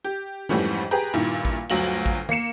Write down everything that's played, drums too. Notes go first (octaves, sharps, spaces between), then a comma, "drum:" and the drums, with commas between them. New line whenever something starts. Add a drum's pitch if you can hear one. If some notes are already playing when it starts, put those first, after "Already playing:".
G4
F2 G#2 E3 G3 A3 C#4, drum: tom D#3
G4 G#4 B4 G5 A#5
G2 A#2 D#3 E4
drum: kick A1
G1 D2 F#3 F4 F#7
drum: kick A1
A#3 C7 C#7 E7, drum: tom D#3